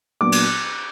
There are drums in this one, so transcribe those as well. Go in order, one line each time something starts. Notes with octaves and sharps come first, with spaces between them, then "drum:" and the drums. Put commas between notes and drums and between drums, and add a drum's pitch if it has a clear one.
A#2 F#3 B3 D4 D6
drum: cymbal